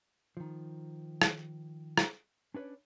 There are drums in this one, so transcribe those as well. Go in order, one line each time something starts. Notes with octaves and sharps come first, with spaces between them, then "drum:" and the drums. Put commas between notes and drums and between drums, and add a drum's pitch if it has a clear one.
D#3 F3
drum: rim click
drum: rim click
C#4 D4 B4 C#5 D5